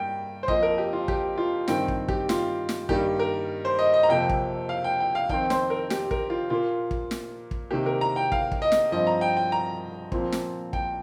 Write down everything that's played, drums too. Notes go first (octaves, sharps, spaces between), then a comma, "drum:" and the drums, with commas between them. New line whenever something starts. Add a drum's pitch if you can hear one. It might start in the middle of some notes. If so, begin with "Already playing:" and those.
Already playing: G2 G3 A#3 G5
C5
F2 F3 A#3 D#5, drum: kick
A#4
G4
F4
G4, drum: kick
F4
G2 D#3 C4 G5, drum: snare
drum: kick
G4, drum: kick
F4, drum: snare
drum: snare
G2 D#3 G3 A#3 G4, drum: kick
A#4
C5
D#5
D#5
A#5
F2 C3 F3 A#3 G5
drum: kick
F5
G5
G5
F5
F2 D#3 C4 G5, drum: kick
C5, drum: snare
A#4
G4, drum: snare
A#4, drum: kick
F4
A#2 A#3 F4
drum: kick
drum: snare
drum: kick
C3 D#3 A#3 G4
A#4
A#5
G5
F5, drum: kick
drum: kick
D#5
drum: snare
G2 F3 C4 D#5
A#5
G5
G5
A#5
A#2 F3 C4, drum: kick
drum: snare
G5, drum: kick